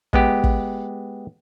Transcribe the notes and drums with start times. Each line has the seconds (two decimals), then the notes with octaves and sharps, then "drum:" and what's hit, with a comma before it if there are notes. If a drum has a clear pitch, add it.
0.13 G#3 B3 G4, drum: kick
0.44 drum: kick